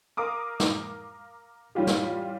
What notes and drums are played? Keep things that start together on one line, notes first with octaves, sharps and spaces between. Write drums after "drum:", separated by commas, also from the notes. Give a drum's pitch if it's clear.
A#4 F5 A#5 D6 D#6
drum: snare
E3 G3 C#4 F4 G4
drum: snare